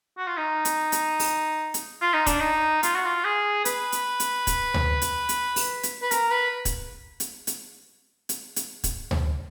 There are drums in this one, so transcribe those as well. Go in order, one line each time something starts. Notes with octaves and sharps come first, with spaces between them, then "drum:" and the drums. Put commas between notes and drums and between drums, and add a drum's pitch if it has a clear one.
F#4
F4
D#4
drum: hi-hat
drum: hi-hat
drum: open hi-hat
drum: hi-hat
F4
D#4
D4, drum: kick, hi-hat
D#4
F4, drum: hi-hat
F#4
F4
G#4
B4, drum: hi-hat
drum: hi-hat
drum: hi-hat
drum: kick, hi-hat
drum: tom D2
drum: hi-hat
drum: hi-hat
drum: open hi-hat
drum: hi-hat
B4
A#4, drum: hi-hat
B4
drum: kick, hi-hat
drum: hi-hat
drum: hi-hat
drum: hi-hat
drum: hi-hat
drum: kick, hi-hat
drum: tom D2